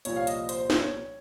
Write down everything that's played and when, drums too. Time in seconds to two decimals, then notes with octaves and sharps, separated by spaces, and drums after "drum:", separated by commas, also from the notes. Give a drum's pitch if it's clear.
0.05 C2 A#2 F3 C#5, drum: hi-hat
0.16 F5
0.27 D#5, drum: hi-hat
0.49 C5, drum: hi-hat
0.70 C#5, drum: snare